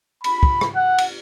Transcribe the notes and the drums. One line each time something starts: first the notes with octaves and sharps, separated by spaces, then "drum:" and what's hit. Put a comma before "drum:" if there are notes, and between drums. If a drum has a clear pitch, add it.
B5, drum: cymbal
drum: kick
drum: rim click
F#5
drum: cymbal